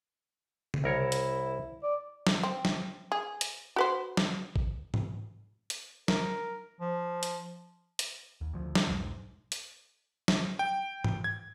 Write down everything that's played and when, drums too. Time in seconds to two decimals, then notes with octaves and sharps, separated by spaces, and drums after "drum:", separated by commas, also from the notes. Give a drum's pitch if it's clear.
0.74 drum: tom C#3
0.84 C2 E4 A#4 C#5
1.12 drum: hi-hat
1.83 D5
2.27 drum: snare
2.43 C4
2.65 drum: snare
3.12 G#4
3.41 drum: hi-hat
3.76 F#4 B4 C5
4.17 drum: snare
4.56 drum: kick A1
4.94 drum: tom G#2
5.70 drum: hi-hat
6.08 A#4, drum: snare
6.81 F3
7.23 drum: hi-hat
7.99 drum: hi-hat
8.41 D#2
8.53 D2 F3
8.75 drum: snare
8.87 E1 B1 G#2
9.52 drum: hi-hat
10.28 drum: snare
10.59 G5
11.04 drum: tom G#2
11.24 G#6